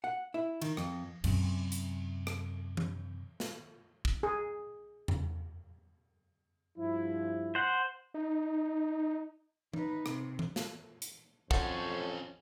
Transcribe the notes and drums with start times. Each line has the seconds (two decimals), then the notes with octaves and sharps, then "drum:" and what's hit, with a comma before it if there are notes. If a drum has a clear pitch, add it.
0.04 F#5
0.34 E4
0.62 D#3, drum: cymbal
0.77 F2, drum: rim click
1.24 F#2 C3, drum: cymbal
1.72 drum: hi-hat
2.27 drum: rim click
2.77 drum: tom E3
3.40 drum: snare
4.05 drum: kick
4.23 G#4
5.08 drum: tom E2
6.77 G2 F3 E4
7.55 C5 F#5
8.14 D#4
9.74 D#4 B4, drum: tom E3
10.06 C3, drum: rim click
10.39 drum: tom E3
10.56 drum: snare
11.02 drum: hi-hat
11.51 F2 C#4 F#4 A4 C5 C#5, drum: kick